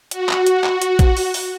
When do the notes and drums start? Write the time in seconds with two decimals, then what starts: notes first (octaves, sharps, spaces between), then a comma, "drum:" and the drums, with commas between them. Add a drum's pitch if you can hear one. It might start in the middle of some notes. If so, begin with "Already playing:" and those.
0.11 F#4, drum: hi-hat
0.29 drum: clap
0.46 drum: hi-hat
0.64 drum: clap
0.82 drum: hi-hat
0.99 drum: kick A#1, hi-hat
1.17 drum: open hi-hat
1.34 drum: open hi-hat